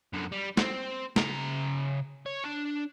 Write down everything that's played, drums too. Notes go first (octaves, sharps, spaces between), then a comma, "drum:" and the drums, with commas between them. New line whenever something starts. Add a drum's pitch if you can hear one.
F#2 D3
G3
C4, drum: snare
C#3 A#5, drum: snare
C#5
D4